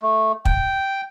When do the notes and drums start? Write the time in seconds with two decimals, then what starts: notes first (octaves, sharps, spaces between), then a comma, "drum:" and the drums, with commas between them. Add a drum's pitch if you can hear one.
0.03 A3
0.45 G5, drum: kick